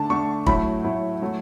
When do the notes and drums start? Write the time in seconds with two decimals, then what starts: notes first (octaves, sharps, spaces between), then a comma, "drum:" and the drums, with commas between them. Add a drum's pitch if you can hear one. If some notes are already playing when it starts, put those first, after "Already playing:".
Already playing: D3 A3 D4 A5
0.10 D3 A3 D4 C#6
0.47 A2 F#3 A3 E4 B5, drum: kick
0.84 A2 F#3 A3 E4
1.22 F#3 A3